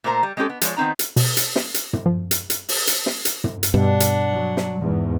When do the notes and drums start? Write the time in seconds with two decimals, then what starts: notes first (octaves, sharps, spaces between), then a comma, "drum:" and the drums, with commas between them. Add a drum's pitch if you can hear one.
0.04 A#2 A3 A#4 C5 A#5
0.23 G3
0.37 G#3 C4 C#4 G4 A4
0.49 B3
0.61 F3 G#3 C#5 D5, drum: hi-hat
0.77 D#3 B3 C4 D#4 A#5
0.99 drum: hi-hat
1.16 B2, drum: open hi-hat
1.37 drum: hi-hat
1.56 drum: snare
1.74 drum: hi-hat
1.93 drum: tom
2.06 F3
2.31 drum: hi-hat
2.50 drum: hi-hat
2.69 drum: open hi-hat
2.87 drum: hi-hat
3.06 drum: snare
3.25 drum: hi-hat
3.44 drum: tom
3.63 drum: hi-hat
3.74 G2 B2 D4 F#5
4.00 drum: hi-hat
4.32 F#3
4.57 drum: snare
4.80 E2 G#2